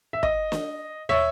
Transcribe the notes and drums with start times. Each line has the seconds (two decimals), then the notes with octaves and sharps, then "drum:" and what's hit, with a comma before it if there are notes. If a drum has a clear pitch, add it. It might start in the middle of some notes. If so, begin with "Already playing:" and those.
0.13 E5
0.23 D#5, drum: kick
0.52 drum: snare
1.09 C#5 E5, drum: tom